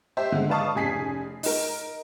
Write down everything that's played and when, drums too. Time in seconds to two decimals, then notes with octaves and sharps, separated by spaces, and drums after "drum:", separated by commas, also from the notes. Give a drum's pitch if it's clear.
0.17 G4 C5 E5
0.32 D3 G#3
0.49 B4 D5 F5 A5 C#6 D#6
0.75 F1 C#3 G#5 B6 C7
1.43 D#4 A#4, drum: open hi-hat